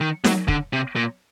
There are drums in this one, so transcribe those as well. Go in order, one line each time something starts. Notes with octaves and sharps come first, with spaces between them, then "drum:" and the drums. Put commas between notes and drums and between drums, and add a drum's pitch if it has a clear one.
D#3
F#3, drum: snare
D3, drum: kick
C3
A#2